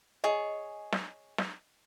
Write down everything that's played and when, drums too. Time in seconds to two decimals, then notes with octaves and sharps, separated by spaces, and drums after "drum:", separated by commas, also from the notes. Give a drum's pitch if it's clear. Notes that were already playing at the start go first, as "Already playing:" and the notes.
0.24 G#4 C#5 D#5
0.92 drum: snare
1.38 drum: snare